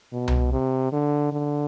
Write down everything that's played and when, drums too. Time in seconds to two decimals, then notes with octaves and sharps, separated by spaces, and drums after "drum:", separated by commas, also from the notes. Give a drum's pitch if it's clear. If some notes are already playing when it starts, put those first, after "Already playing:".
0.13 B2
0.28 drum: tom C2
0.52 C3
0.93 D3
1.32 D3